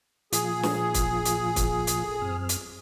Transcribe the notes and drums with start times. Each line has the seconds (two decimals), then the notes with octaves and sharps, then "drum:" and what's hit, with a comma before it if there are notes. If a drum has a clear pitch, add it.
0.32 A#2 F3 F4 G#4, drum: hi-hat
0.63 drum: snare
0.94 drum: kick, hi-hat
1.25 drum: hi-hat
1.56 drum: kick, hi-hat
1.87 drum: hi-hat
2.04 A4
2.22 F#2 C4 F6
2.49 drum: hi-hat